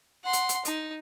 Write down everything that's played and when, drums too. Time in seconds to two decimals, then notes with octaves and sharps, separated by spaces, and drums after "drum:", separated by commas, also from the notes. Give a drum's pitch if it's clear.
0.24 F#5 C6
0.33 drum: hi-hat
0.49 drum: hi-hat
0.65 D#4, drum: hi-hat